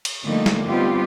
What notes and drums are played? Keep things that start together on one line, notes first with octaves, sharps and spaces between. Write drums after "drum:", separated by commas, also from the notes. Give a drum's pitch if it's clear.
drum: cymbal
D3 F3 G3 A3 A#3 D#4
drum: snare
G3 B3 C4 D#4 F4 G4